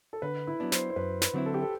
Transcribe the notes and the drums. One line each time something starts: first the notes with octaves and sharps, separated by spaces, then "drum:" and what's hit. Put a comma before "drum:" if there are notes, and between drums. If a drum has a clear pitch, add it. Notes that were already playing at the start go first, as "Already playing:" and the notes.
A4
D3 B4
E4
F#3 B3 D4
C5, drum: snare
C5
F#2 B4
B4, drum: snare
D3 F#3 C4 E4
A4
G4
A4